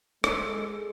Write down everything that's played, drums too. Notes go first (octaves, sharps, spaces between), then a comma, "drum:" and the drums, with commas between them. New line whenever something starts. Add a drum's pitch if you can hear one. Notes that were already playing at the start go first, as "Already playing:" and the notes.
G#3 A4, drum: rim click